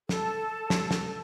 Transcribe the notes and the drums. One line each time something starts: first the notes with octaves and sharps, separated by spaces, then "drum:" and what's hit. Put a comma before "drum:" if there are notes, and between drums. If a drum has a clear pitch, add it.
A4, drum: snare
drum: snare
drum: snare